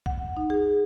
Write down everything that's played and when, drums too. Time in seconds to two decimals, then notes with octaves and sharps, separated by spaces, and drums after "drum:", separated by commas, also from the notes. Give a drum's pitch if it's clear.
0.06 F#5, drum: kick B1
0.37 D#4
0.50 G#4